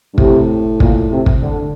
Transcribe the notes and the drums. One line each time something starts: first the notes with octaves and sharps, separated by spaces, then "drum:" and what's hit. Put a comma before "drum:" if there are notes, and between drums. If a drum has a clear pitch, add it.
G2
A2 C3, drum: kick
A#2, drum: kick
C3
drum: kick
D3